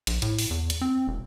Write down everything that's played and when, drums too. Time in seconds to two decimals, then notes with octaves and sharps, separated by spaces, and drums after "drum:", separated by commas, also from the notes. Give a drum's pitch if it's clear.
0.07 A#1, drum: hi-hat
0.22 A2, drum: hi-hat
0.39 drum: open hi-hat
0.51 E2
0.70 drum: hi-hat
0.81 C4
1.08 E1